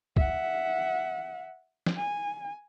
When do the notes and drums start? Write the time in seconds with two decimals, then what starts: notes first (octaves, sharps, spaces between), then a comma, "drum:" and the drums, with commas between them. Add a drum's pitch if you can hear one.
0.17 E5 F#5, drum: kick
1.86 drum: snare
1.96 G#5